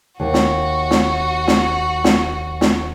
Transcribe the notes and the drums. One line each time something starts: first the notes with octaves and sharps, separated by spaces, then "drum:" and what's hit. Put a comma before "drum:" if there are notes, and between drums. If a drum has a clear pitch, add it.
D#2 F#4
drum: snare
drum: snare
drum: snare
drum: snare
drum: snare